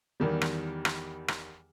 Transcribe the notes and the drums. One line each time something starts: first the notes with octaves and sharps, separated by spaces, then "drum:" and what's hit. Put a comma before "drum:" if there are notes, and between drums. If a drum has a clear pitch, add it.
E2 D#3 G3
drum: rim click
drum: rim click
drum: rim click